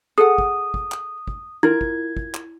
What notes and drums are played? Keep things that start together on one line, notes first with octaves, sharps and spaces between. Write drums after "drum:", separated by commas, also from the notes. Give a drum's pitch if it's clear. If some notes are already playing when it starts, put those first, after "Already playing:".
G#4 A4 F#5 D#6
drum: kick
drum: kick
drum: clap
drum: kick
E4 F4 A#4 G#6
drum: kick
drum: kick
drum: clap